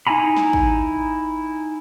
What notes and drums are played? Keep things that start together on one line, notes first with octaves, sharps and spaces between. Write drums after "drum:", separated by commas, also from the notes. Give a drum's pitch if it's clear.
D#4 E4 G#5 A#5 B5
drum: snare
drum: kick